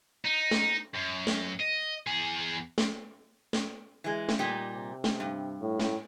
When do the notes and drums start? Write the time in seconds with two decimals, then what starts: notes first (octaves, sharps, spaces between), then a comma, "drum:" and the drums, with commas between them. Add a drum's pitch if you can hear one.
0.25 D#4
0.51 drum: snare
0.94 F#2
1.27 drum: snare
1.60 D#5
2.07 E2 G#4
2.78 drum: snare
3.53 drum: snare
4.04 E3 G#3
4.29 drum: snare
4.39 A#2 G3 D#4
4.74 C3
5.04 drum: snare
5.20 G2
5.61 A2
5.80 drum: snare